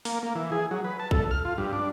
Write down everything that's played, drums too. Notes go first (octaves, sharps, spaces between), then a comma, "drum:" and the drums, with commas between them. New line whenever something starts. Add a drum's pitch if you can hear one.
A#3, drum: open hi-hat
A#3
E3
G#4
F#3
B4
A5
A4, drum: kick
F6
F4
G2
D4